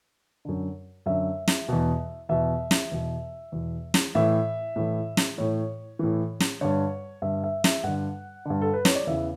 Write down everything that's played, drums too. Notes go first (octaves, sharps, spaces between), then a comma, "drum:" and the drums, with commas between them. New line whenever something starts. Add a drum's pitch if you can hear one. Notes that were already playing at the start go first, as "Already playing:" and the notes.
F#2 D3
F#2 D3 E5
drum: snare
E2 B2
E2 B2 E5
drum: snare
E2 B2
E2 B2
drum: snare
A2 E3 E5
A2 E3
drum: snare
A2 E3 C#5
A2 E3
drum: snare
G2 D3 C#5
G2 D3 E5
E5
E5, drum: snare
G2 D3 F#5
G2 D3
A4
B4
C#5, drum: snare
D5
E2 C#3 E3 E5